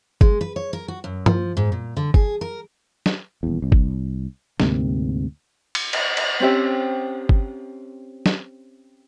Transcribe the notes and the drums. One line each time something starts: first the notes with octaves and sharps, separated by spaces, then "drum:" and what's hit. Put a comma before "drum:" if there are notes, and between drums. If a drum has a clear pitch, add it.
G#3, drum: kick G1
B4
C#5
A#4
F#4
F#2
F3, drum: tom G2
G#2
A#2
D3
G#4, drum: kick G1
A#4
drum: snare
D#1 E2
C2
drum: kick G1
D2 G#2 C3 A#3, drum: snare
drum: cymbal
drum: cymbal
drum: cymbal
C4 C#4 G4 E5
drum: kick G1
drum: snare